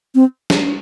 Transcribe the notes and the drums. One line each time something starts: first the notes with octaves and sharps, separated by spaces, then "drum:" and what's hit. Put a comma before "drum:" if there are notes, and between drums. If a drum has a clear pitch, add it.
C4
drum: snare